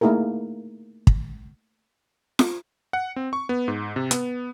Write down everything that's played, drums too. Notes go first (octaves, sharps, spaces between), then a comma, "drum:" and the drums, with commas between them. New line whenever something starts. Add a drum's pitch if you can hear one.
A3 A#3 D#4 E4 G#4 A#4
drum: kick
drum: snare F4
F#5
C4
C#6
B3
G#2
C3
B3, drum: hi-hat